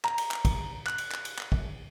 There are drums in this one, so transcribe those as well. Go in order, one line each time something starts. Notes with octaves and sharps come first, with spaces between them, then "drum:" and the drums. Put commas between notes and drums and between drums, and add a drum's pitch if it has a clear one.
A#5, drum: clap
drum: cymbal
drum: clap
drum: kick, cymbal
F#6, drum: clap
drum: cymbal
drum: clap
drum: cymbal
drum: clap
drum: kick